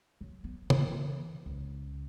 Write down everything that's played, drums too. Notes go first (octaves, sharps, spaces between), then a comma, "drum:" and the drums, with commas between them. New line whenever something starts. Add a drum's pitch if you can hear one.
F#3
B3
E3, drum: tom
C#2